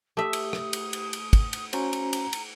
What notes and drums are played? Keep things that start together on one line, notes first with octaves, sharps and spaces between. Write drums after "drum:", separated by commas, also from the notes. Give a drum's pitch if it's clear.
A3 G4 E5 D#6
drum: cymbal
drum: rim click
drum: cymbal
drum: cymbal
drum: cymbal
drum: kick, cymbal
drum: cymbal
C#4 F#4 C5 A#5, drum: cymbal
drum: cymbal
drum: cymbal
drum: cymbal